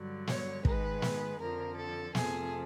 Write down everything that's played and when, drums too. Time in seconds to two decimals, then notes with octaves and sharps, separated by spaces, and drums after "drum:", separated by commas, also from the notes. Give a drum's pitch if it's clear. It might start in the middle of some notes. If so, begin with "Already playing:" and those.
Already playing: G2 D3 F#3
0.27 C#5, drum: snare
0.65 G#2 D#3 G#3 B4, drum: kick
1.02 drum: snare
1.39 F2 D3 F3 A#4
1.77 A4
2.15 F2 C3 F3 A3 G#4, drum: snare